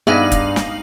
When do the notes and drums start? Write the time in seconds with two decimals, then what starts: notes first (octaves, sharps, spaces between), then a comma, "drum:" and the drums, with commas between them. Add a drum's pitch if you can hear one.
0.07 G2 B3 D#4 G#4 E5 F5 F#7
0.32 drum: kick, hi-hat
0.56 drum: snare